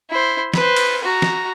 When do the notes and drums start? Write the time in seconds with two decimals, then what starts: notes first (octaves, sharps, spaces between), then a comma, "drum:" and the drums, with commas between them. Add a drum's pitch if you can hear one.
0.11 E4 C5
0.54 B4 C5, drum: snare
0.76 drum: cymbal
1.04 F#4 A#5
1.22 drum: snare